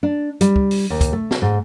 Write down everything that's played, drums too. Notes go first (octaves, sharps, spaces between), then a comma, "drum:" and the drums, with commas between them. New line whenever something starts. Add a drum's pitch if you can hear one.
D4
G3, drum: hi-hat
drum: kick
drum: open hi-hat
D#2
drum: kick, hi-hat
A3
drum: snare
G#2